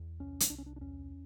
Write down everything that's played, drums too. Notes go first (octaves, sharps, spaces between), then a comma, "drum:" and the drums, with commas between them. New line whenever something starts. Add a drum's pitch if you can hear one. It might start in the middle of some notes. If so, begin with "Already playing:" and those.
Already playing: E2
C2 C#4
drum: hi-hat
C2 D4
C#4
D4
D4
E2 C#4